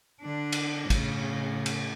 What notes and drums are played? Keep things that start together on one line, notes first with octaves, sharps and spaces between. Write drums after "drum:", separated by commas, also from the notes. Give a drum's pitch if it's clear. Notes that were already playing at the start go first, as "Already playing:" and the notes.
D3 D4
drum: cymbal
A2 C#3, drum: kick, cymbal
drum: cymbal